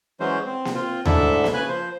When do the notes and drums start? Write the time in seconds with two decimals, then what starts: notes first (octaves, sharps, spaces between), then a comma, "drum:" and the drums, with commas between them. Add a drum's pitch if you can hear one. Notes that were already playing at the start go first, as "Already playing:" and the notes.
0.20 E3 F#3 G#3 C#4 C5
0.46 C4
0.65 drum: snare A#3
0.75 C4 F4
1.05 D2 G#2 D4 E4 A4 E5, drum: tom D#2
1.44 drum: snare A#3
1.54 C#3 B4 G#5 F#6
1.69 F3 C5